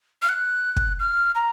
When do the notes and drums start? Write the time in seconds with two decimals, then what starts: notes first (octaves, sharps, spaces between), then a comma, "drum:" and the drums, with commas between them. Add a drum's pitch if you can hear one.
0.22 F6
0.29 F#6
0.76 drum: kick
0.99 F6
1.35 A#5